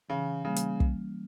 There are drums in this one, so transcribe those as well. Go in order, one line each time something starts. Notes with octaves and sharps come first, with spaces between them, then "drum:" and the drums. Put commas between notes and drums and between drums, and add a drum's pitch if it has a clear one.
C#3 E3
C#3 G3 A#3 C#4
drum: hi-hat
drum: kick